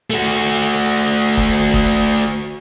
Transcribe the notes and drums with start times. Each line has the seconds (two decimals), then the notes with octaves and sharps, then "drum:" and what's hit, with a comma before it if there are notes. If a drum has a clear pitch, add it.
0.10 A3 F#4
1.37 drum: kick F#1
1.74 drum: kick F#1